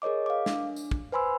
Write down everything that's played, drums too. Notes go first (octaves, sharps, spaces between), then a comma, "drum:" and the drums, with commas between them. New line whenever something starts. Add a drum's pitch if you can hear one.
G#4 A#4 C#5 D#5 D6
F5 D6
D4, drum: snare
drum: tambourine
drum: kick
B4 C5 G#5 B5 C6 E6